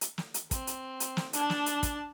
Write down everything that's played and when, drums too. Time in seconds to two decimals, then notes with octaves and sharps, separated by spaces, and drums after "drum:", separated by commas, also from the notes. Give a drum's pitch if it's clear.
0.01 drum: hi-hat
0.18 drum: snare
0.34 drum: hi-hat
0.51 C4, drum: kick, hi-hat
0.67 drum: hi-hat
1.00 drum: hi-hat
1.17 drum: snare
1.33 D4 A5, drum: hi-hat
1.50 drum: snare
1.66 drum: hi-hat
1.83 drum: kick, hi-hat